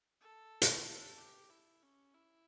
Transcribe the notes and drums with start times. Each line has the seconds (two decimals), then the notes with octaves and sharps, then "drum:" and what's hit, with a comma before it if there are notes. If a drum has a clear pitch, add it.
0.21 A4
0.62 drum: hi-hat
0.86 A4
1.17 G4
1.50 E4
1.82 C#4
2.14 E4